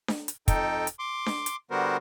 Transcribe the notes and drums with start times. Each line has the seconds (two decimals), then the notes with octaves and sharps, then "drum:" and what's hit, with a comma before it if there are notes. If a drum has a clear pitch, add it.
0.08 drum: snare D4
0.28 drum: hi-hat
0.48 F2 D#4 A4 G5, drum: kick, hi-hat
0.87 drum: hi-hat
0.99 C6 D6
1.26 drum: snare D4
1.46 drum: hi-hat
1.71 D3 G3 B3 F#4 A#4 C5